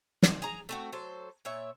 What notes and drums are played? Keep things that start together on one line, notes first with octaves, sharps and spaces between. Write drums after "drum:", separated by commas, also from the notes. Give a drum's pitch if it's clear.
A#2, drum: snare
G#4 A#5
A3 C4 F#4
F#3 A4 C5
A#2 C#5 E5